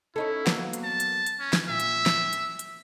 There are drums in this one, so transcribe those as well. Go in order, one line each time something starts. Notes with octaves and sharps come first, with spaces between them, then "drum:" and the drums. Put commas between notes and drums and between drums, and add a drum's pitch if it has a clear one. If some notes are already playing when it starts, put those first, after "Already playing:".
C#4 D#4 E4 A4
F#3 A#3 B3, drum: snare
drum: hi-hat
A5
drum: hi-hat
drum: hi-hat
C#4
drum: snare
A#2 E5
drum: hi-hat
drum: snare
drum: hi-hat
drum: hi-hat